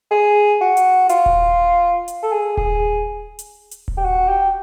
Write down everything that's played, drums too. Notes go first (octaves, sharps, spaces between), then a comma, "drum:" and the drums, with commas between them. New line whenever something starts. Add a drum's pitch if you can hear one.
G#4
F#4
drum: hi-hat
F4, drum: hi-hat
drum: kick D#1
drum: hi-hat
A4
G#4
G#4, drum: kick D#1
drum: hi-hat
drum: hi-hat
drum: kick D#1
G4
F#4
G4